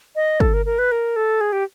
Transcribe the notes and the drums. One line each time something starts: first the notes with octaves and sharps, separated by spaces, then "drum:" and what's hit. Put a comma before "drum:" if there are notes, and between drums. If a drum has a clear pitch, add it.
D#5
A4, drum: kick
A#4
A#4
B4
A#4
A4
G#4
G4